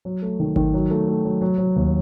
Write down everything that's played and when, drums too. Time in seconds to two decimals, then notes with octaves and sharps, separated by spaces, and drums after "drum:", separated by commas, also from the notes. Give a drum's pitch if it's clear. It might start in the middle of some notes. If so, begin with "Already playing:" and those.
0.05 F#3
0.22 A3
0.40 D#3
0.56 D#3, drum: kick G#1
0.74 F#3
0.91 A3
1.08 A3
1.24 F#3
1.41 F#3
1.58 F#3
1.76 D#2